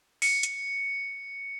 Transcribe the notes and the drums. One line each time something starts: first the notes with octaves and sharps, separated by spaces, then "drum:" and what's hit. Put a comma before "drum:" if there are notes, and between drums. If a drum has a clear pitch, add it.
C#7, drum: open hi-hat
drum: hi-hat